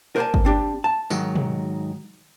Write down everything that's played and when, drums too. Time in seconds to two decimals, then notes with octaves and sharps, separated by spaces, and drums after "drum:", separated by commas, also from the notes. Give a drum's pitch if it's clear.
0.16 A#4 C5 D5 F5 G#5 A5
0.34 drum: kick
0.45 C4 D4 G4
0.84 A5
1.10 G#2 D#3 F#3, drum: tambourine
1.35 drum: tom B2